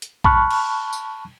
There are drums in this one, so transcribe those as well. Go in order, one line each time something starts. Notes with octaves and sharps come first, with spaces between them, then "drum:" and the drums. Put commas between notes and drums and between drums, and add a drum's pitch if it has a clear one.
drum: hi-hat
A5 B5 C#6 F6 F#6, drum: kick A#1
drum: cymbal
drum: tambourine